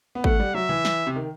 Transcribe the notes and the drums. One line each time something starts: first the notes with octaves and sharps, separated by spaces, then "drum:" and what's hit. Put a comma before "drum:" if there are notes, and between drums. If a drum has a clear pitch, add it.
B3
A3 F#5, drum: kick
G3
F#3 E5
E3
drum: snare
C3
D#3